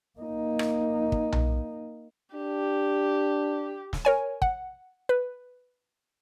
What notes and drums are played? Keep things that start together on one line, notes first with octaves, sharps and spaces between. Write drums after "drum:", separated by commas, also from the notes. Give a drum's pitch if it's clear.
A#3 D#4
drum: rim click
drum: kick
drum: tom B1
D4 G4
drum: snare
A#4 C#5 G#5
F#5, drum: kick
B4